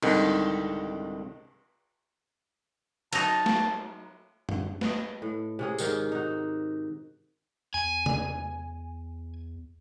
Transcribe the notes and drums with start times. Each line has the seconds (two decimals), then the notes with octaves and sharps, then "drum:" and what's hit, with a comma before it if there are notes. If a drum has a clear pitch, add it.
0.02 C2 G#2 D3 D#3, drum: cymbal
3.13 F#3 D#4 A5, drum: cymbal
3.46 drum: snare
4.49 drum: tom F#2
4.81 B4 D#5, drum: snare
5.22 A2
5.59 C3 C#4 G#4
5.78 G#2 D#3 F#5, drum: tambourine
6.12 D#4 F#4
7.74 E2 G#5
8.06 drum: tom C3